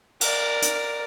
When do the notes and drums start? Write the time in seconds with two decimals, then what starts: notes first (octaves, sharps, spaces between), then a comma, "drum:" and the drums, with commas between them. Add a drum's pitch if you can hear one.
0.21 A#4 D5, drum: cymbal
0.62 drum: hi-hat